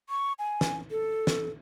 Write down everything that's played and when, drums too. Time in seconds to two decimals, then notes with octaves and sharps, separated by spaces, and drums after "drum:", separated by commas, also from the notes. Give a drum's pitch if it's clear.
0.10 C#6
0.39 G#5
0.61 drum: snare
0.91 A4
1.27 drum: snare